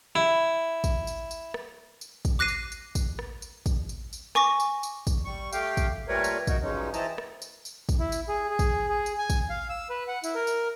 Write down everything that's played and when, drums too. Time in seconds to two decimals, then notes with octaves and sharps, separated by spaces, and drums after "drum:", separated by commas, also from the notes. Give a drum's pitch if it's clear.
0.15 E4
0.84 drum: kick, tambourine
1.07 drum: tambourine
1.31 drum: tambourine
1.54 drum: rim click
2.01 drum: tambourine
2.25 drum: kick, tambourine
2.39 D6 F#6 A#6 C7 D#7
2.48 drum: tambourine
2.72 drum: tambourine
2.95 drum: kick, tambourine
3.19 drum: rim click
3.42 drum: tambourine
3.66 drum: kick, tambourine
3.89 drum: tambourine
4.13 drum: tambourine
4.35 G#5 C#6 D6 A#6, drum: rim click
4.60 drum: tambourine
4.83 drum: tambourine
5.07 drum: kick, tambourine
5.25 G3 C#6
5.53 A3 G4 F5 G5, drum: tambourine
5.77 drum: kick, tambourine
6.08 A#2 G3 A3 A#4 B4 C#5
6.24 drum: tambourine
6.47 D#4 F#4 A#4, drum: kick, tambourine
6.62 G2 F3 F#3 G#3 C#4 D#4
6.94 E3 C4 E4 D#5 A5 A#5, drum: tambourine
7.18 drum: rim click
7.42 drum: tambourine
7.65 drum: tambourine
7.89 drum: kick, tambourine
7.99 E4
8.12 drum: tambourine
8.29 G#4
8.50 G#4
8.59 drum: kick, tambourine
8.89 G#4
9.06 drum: tambourine
9.19 G#5
9.30 drum: kick, tambourine
9.50 F5
9.70 E6
9.90 B4
10.08 F#5
10.24 E4, drum: tambourine
10.35 A#4
10.47 drum: tambourine